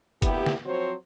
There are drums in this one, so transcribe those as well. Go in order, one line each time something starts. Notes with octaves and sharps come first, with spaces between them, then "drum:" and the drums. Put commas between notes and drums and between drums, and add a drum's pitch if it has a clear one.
D2 A#3 B3 E4 G4, drum: kick F#1, hi-hat
drum: snare
F3 F#3 C4 F#4 C5 C#5